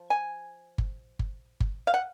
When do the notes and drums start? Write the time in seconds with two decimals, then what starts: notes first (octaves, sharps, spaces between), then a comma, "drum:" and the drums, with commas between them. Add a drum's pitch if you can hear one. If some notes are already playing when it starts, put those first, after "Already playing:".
Already playing: F3
0.10 G#5
0.78 drum: kick G1
1.19 drum: kick G1
1.60 drum: kick G1
1.87 F5
1.94 F#5